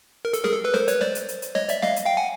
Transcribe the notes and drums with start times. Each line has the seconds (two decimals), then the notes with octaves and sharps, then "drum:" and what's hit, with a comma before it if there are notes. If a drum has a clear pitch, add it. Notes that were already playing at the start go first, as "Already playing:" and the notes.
0.25 A#4
0.33 A4, drum: hi-hat
0.44 G#4 A#4, drum: snare
0.54 A4
0.65 A4 B4
0.74 A#4 C5, drum: snare
0.88 B4 C#5, drum: hi-hat
1.01 C5 D5, drum: snare
1.15 drum: hi-hat
1.29 drum: hi-hat
1.42 drum: hi-hat
1.55 C#5 D#5, drum: snare
1.69 D5 E5, drum: hi-hat
1.82 D#5 F5, drum: snare
1.96 drum: hi-hat
2.06 F5 G5
2.17 F#5 G#5